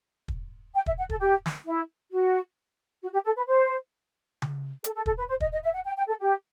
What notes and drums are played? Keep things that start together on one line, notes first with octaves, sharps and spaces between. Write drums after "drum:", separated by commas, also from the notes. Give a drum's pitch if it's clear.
drum: kick
G5
E5, drum: kick
F#5
A4, drum: kick
G4
drum: snare
E4
F#4
F#4
G4
A4
B4
C5
drum: tom C#3
A4, drum: hi-hat
A4
A4, drum: kick
B4
C5
D#5, drum: kick
D#5
E5
F#5
G5
G5
A4
G4